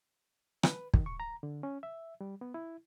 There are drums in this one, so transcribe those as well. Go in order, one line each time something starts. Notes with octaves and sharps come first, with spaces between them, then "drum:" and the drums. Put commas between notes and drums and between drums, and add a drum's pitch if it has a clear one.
B4, drum: rim click
D#3, drum: kick
C#6
A#5
D3
C#4
E5
G3
B3
E4